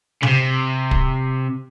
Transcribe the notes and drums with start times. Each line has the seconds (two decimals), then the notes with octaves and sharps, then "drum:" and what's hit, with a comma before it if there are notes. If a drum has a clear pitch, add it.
0.23 C#3, drum: tom C3
0.27 C3
0.91 drum: kick